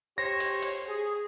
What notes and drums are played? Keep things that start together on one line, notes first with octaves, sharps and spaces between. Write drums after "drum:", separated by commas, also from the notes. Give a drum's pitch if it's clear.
G4 C5 C#5 A#6
drum: hi-hat
drum: hi-hat
G#4